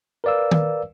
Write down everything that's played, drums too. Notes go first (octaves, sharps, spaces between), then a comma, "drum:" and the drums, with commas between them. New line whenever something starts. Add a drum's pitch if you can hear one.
A#4 B4 D5 F5 E6
drum: tom